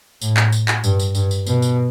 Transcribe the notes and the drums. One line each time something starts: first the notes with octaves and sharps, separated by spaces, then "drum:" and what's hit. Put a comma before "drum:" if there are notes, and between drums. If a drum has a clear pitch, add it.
A2, drum: tambourine
drum: clap
drum: tambourine
drum: clap
G2, drum: tambourine
drum: tambourine
G2, drum: tambourine
drum: tambourine
B2, drum: tambourine
drum: tambourine